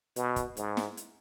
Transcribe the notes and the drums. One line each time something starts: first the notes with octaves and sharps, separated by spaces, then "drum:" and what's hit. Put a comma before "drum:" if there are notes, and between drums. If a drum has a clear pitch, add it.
B2, drum: hi-hat
drum: kick, hi-hat
G#2, drum: hi-hat
drum: snare
drum: hi-hat